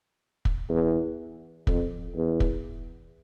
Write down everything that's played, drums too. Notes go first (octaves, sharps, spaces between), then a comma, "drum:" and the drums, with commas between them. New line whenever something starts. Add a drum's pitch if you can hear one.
drum: kick
E2
F2, drum: kick
E2
drum: kick